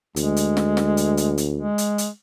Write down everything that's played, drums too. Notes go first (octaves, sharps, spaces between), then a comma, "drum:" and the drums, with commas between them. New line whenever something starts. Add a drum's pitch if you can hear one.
D2 G#3, drum: hi-hat
drum: hi-hat
drum: snare
drum: snare
drum: hi-hat
drum: hi-hat
drum: hi-hat
G#3
drum: hi-hat
drum: hi-hat